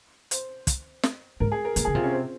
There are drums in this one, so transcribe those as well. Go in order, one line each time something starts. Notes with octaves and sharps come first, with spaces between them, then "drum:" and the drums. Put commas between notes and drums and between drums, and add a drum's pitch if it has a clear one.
C5, drum: hi-hat
drum: kick, hi-hat
drum: snare
G#2 A#4
G#4
A#4
A#2 A#4, drum: hi-hat
C#3 G#4
C3 F4
C#4
C4